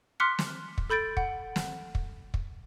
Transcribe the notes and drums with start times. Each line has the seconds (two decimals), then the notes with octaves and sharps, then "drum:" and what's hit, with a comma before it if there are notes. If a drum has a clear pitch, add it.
0.20 C6 D6 F6 F#6 B6 C#7
0.39 drum: snare
0.78 drum: kick
0.90 A4 B5 G6 A6 D7
1.17 F#5, drum: kick
1.56 drum: snare
1.95 drum: kick
2.34 drum: kick